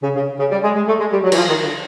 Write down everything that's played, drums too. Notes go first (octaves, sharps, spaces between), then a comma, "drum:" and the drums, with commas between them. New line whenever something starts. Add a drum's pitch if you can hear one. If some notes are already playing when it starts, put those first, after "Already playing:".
C#3
C#3
C#3
G3
G#3
G#3
A3
G#3
G3
F#3
E3, drum: cymbal
F3
D#3
D3